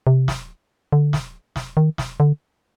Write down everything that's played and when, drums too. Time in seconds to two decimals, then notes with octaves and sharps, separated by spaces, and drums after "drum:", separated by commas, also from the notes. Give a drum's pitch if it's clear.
0.07 C3
0.28 drum: snare
0.92 D3
1.13 drum: snare
1.56 drum: snare
1.77 D#3
1.98 drum: snare
2.20 D3